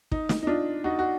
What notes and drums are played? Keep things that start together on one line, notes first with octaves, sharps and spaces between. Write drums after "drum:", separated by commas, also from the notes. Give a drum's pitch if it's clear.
D#4, drum: kick
drum: snare
D#4
D4 F4
D#4 F#4
F#4